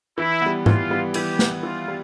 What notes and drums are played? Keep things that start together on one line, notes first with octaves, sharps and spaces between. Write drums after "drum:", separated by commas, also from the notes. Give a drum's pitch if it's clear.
E3 E4
G3 B3
E3 F4, drum: tom G#2
G3 B3
E3 G4, drum: cymbal
G3 B3, drum: snare
E3 F4
G3